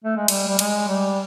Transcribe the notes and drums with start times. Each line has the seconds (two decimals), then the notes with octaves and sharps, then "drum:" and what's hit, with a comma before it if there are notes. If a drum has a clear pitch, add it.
0.04 A3
0.17 G#3
0.28 G3, drum: cymbal
0.48 G3
0.59 G#3, drum: cymbal
0.88 G3